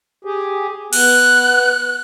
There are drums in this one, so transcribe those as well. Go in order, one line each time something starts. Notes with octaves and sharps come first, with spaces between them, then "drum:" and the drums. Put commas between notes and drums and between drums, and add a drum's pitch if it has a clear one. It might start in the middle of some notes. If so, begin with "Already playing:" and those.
G4 G#4
B3 F#6, drum: cymbal